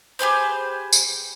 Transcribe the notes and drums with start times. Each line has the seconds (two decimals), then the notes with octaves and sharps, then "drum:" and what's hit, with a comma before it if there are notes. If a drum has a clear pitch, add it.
0.19 G4 G#4 B4 C5
0.93 drum: tambourine